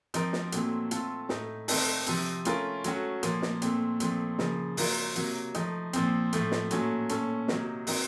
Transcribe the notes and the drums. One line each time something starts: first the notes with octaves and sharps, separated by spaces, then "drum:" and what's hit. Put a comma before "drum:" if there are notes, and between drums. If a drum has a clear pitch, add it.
F3 C4 D#4 A#4, drum: hi-hat
drum: snare
A#2 F#3 A3 C4, drum: hi-hat
A3 C4 F4 A4, drum: hi-hat
A2 A3 D#4, drum: snare
D#3 A3 C4 D#4 A4, drum: open hi-hat
C3 F3 C4, drum: hi-hat
A3 C#4 F4 A#4, drum: hi-hat
F#3 A3 C#4 F#4, drum: hi-hat
A#2 F3 A#3, drum: hi-hat
drum: snare
A#2 A3 C4, drum: hi-hat
A#2 F3 A3 C4, drum: hi-hat
C#3 F3 A#3, drum: snare
F#3 A#3 F4 A#4, drum: open hi-hat
C3 F#3 A#3, drum: hi-hat
F3 A3 D#4, drum: hi-hat
A#2 F3 C4, drum: hi-hat
A2 F3 A3, drum: hi-hat
drum: snare
A#2 F#3 A3 C#4, drum: hi-hat
A#2 A3 C#4 A4, drum: hi-hat
C3 D#3 F#3 A#3, drum: snare
F#3 C4 D#4 A#4, drum: open hi-hat